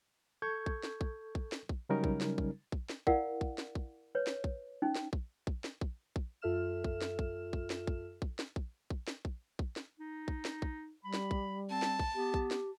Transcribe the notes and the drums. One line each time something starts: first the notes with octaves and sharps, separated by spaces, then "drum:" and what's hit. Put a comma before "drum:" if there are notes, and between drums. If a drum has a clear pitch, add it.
A4 C#6 G6 G#6
drum: kick A#1
drum: snare
drum: kick A#1
drum: kick A#1
drum: snare
drum: kick A#1
C#3 F#3 G3 C#4 D#4 A#4
drum: kick A#1
drum: snare
drum: kick A#1
drum: kick A#1
drum: snare
E4 A#4 D5 F5 F#5, drum: kick A#1
drum: kick A#1
drum: snare
drum: kick A#1
B4 C#5
drum: snare
drum: kick A#1
C#4 D#4
drum: snare
drum: kick A#1
drum: kick A#1
drum: snare
drum: kick A#1
drum: kick A#1
F#2 F4 A4 E5 F6 E7
drum: kick A#1
drum: snare
drum: kick A#1
drum: kick A#1
drum: snare
drum: kick A#1
drum: kick A#1
drum: snare
drum: kick A#1
drum: kick A#1
drum: snare
drum: kick A#1
drum: kick A#1
drum: snare
D#4
drum: kick A#1
drum: snare
drum: kick A#1
G3 B5
drum: snare
drum: kick A#1
C4 A5
drum: snare
drum: kick A#1
B3 G4
drum: kick A#1
drum: snare